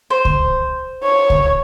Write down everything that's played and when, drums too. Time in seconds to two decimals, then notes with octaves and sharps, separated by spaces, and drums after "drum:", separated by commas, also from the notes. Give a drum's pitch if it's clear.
0.10 C5
0.25 drum: kick C#2
1.04 C#5
1.30 drum: kick C#2